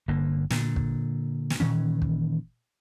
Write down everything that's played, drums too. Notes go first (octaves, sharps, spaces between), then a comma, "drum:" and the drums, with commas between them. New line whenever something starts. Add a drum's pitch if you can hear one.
G1 D3 A#3
A#2 D3, drum: snare
drum: kick
drum: snare
A#2 D#3 E3 C#4
drum: kick